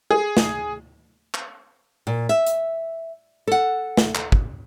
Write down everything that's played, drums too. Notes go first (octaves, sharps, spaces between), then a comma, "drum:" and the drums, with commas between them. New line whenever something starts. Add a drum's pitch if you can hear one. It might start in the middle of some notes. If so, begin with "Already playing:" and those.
G#4
drum: snare
drum: clap
A#2
E5
drum: hi-hat
A4 F#5
drum: snare
drum: clap
drum: kick